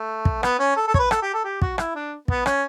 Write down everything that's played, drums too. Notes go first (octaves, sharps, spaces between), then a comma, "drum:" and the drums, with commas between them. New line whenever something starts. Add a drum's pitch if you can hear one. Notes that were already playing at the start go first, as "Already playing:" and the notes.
Already playing: A3
drum: kick
B3, drum: rim click
C#4
A4
A4
C#5, drum: kick
B4
A4, drum: rim click
G4
A4
G4
F#4, drum: kick
E4, drum: rim click
D4
B3, drum: kick
C#4, drum: rim click